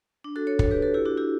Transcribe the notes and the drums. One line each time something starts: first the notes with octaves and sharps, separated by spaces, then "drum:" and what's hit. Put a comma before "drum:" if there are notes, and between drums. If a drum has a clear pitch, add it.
D4
F#4 A4
A4 C#5
A4 C#5, drum: kick
G4 B4
F#4 A4
E4 G4
D4 F#4
E4 G4